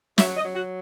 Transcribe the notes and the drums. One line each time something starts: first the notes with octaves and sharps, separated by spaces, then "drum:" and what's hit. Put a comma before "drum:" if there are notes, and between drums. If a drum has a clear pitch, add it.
F#3 E5, drum: snare
D#5
F#3
F#4